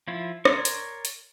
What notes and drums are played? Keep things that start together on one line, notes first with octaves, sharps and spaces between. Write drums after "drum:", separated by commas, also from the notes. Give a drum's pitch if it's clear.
F3 E4 F4
A#4 C#5 D5 C6 C#6, drum: rim click
drum: hi-hat
drum: hi-hat